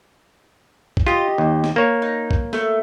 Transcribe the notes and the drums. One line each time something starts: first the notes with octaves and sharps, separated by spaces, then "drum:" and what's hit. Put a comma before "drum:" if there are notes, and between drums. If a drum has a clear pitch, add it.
drum: kick
F4 G4 D#5
D#2
drum: snare
A#3 C#5
D#4
drum: kick
A3, drum: snare